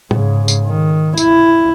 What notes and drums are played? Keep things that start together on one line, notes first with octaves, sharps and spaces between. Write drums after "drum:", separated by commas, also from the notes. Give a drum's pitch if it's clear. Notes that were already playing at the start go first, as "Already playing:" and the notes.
G#2 C#3, drum: tom
drum: tambourine
D#3
E4, drum: tambourine